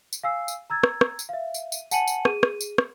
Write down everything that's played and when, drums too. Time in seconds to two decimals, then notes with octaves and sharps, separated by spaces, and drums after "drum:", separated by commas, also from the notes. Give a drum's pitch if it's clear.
0.13 drum: tambourine
0.24 F5 G#5 E6 C7
0.48 drum: tambourine
0.70 A#5 E6 G#6 A6
0.84 drum: rim click
1.01 drum: rim click
1.19 drum: tambourine
1.29 E5 F5
1.54 drum: tambourine
1.72 drum: tambourine
1.91 F#5 G#5 A5 C#7 D#7 F#7, drum: tambourine
2.07 drum: tambourine
2.25 G#4 D#7, drum: rim click
2.43 drum: rim click
2.61 drum: tambourine
2.78 drum: rim click